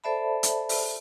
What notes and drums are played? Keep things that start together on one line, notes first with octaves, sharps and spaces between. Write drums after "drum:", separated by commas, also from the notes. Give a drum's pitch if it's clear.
A4 C5 D5 E5 A5 B5
drum: hi-hat
drum: open hi-hat